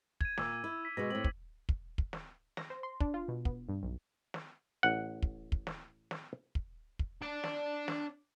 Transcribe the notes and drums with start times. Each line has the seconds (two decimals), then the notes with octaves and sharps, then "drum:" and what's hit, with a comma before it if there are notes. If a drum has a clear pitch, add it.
0.21 G#6 D#7, drum: kick
0.38 A#2 D6 E6 G#6, drum: snare
0.64 E4
0.85 B6
0.97 B2 G#3 F#4 A#6
1.10 A2 C4 F#7
1.24 drum: kick
1.69 drum: kick
1.98 drum: kick
2.13 drum: snare
2.57 A#6, drum: snare
2.70 C5
2.83 C6
3.00 D4, drum: kick
3.14 F4
3.28 B2
3.45 B3, drum: kick
3.69 G2
3.83 B1
4.34 drum: snare
4.83 A1 F#5
5.22 drum: kick
5.52 drum: kick
5.67 drum: snare
6.11 drum: snare
6.55 drum: kick
6.99 drum: kick
7.22 D4 D5
7.44 drum: snare
7.88 drum: snare